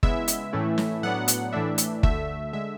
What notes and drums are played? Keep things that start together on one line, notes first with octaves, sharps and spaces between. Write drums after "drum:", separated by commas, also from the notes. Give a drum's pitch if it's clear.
C#3 G#3 B3 E4 E5, drum: kick
drum: hi-hat
A2 E3 A3 C#4 E4
drum: snare
A2 F#3 B3 D4 F#5
drum: hi-hat
A2 E3 A3 D4 E5
drum: hi-hat
D2 D3 A3 E5, drum: kick
D3 G#3 E5